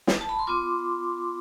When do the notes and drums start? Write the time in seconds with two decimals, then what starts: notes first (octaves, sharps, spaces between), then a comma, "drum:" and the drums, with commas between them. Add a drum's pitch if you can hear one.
0.07 drum: snare
0.21 A5
0.29 B5
0.39 C6
0.47 B3 F4 D6